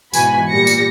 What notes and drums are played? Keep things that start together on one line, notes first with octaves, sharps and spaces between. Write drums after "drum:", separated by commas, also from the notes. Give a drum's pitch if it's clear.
G#2 B2 E3 F#4 G#5 B5, drum: tambourine
A#2 G3 A#6 C#7
drum: tambourine